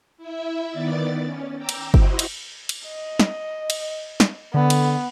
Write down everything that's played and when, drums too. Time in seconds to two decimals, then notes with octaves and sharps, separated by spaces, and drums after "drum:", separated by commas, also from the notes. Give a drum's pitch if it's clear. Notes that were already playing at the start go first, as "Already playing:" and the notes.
0.18 E4 E5
0.71 D#3 B3 D5 A6
1.23 C#4
1.56 G5 A#5 D6 E6
1.69 drum: cymbal
1.94 E4 F#4 C5 D#5, drum: kick G1
2.19 drum: cymbal
2.69 drum: cymbal
2.88 D#5
3.19 drum: snare
3.70 drum: cymbal
4.20 drum: snare
4.54 D3 B3
4.70 drum: cymbal